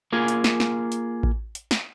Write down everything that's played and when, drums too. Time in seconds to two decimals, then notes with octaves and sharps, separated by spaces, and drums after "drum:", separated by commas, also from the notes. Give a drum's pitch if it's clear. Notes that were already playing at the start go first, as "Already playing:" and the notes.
0.13 A#3 F4 G#4 G#5
0.28 drum: hi-hat
0.44 drum: snare
0.60 drum: snare
0.92 drum: hi-hat
1.23 drum: kick A1
1.55 drum: hi-hat
1.71 drum: snare